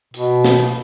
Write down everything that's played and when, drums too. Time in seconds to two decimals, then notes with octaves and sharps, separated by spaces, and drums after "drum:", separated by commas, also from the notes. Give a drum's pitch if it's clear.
0.14 B2, drum: hi-hat
0.44 drum: snare